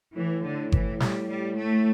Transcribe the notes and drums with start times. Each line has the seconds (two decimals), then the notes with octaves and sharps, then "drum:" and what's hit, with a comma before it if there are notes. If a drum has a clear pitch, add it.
0.16 A2 E3
0.44 D3
0.72 E3, drum: kick G1
1.00 G3, drum: snare
1.29 G3
1.57 A3